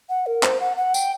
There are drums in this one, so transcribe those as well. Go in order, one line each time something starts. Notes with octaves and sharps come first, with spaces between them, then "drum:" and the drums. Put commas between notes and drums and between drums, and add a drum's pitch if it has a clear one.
F#5
A#4
C5, drum: clap
F#5
F#5
G5, drum: tambourine